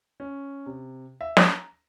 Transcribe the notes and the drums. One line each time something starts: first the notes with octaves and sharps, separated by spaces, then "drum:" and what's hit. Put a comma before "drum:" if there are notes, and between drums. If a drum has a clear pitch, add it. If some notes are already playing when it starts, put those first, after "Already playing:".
C#4
C3
E5
A#5, drum: snare